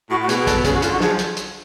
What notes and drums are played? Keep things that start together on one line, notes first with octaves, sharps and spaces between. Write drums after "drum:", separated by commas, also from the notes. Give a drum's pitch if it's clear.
A2 F#4
F#4
B2 G#4, drum: hi-hat
G#4
A4, drum: kick, hi-hat
B2
C#3 G#4, drum: kick, hi-hat
F#4
D3 F4, drum: hi-hat
F#4
F3 G#4, drum: snare
drum: hi-hat
drum: hi-hat